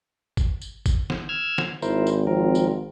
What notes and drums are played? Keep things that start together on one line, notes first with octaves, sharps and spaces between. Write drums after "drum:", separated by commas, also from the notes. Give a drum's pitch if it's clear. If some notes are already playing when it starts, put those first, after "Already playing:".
drum: kick, tambourine
drum: tambourine
drum: kick, tambourine
drum: snare
E6 F6 G#6
drum: snare
G#1 E4 A#4 C5, drum: tambourine
drum: tambourine
F3 C4 A#4
drum: tambourine